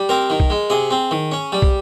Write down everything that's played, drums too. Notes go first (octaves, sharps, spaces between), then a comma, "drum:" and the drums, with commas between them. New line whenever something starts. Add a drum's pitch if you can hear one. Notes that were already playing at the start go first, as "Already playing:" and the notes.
Already playing: G3
C4 A#4
D#3
drum: kick
G#3
C3 G#4
C4
D#3
C#4
G3
drum: kick